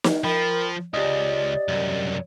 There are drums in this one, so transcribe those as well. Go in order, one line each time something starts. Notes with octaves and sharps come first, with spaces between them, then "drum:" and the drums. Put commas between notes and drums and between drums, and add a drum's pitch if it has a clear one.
drum: snare
F3 A#4 G5 B5
C#2 G4 D5 D#5
C2 F#2